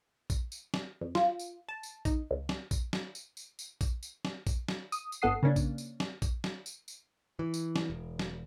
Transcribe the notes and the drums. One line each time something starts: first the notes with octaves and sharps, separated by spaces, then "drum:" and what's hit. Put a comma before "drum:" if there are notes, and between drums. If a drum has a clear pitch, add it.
drum: kick A#1, tambourine
drum: tambourine
drum: snare
F2
F4, drum: snare
drum: tambourine
A5
drum: tambourine
D#4, drum: kick A#1, tambourine
C#2
drum: snare
drum: kick A#1, tambourine
drum: snare
drum: tambourine
drum: tambourine
drum: tambourine
drum: kick A#1, tambourine
drum: tambourine
drum: snare
drum: kick A#1, tambourine
drum: snare
D#6, drum: tambourine
drum: tambourine
G1 B3 A4 F#5 D#6 C7
C#3 A#3 C#4 D4
drum: kick A#1, tambourine
drum: tambourine
drum: snare
drum: kick A#1, tambourine
drum: snare
drum: tambourine
drum: tambourine
E3
drum: tambourine
drum: snare
E1
drum: snare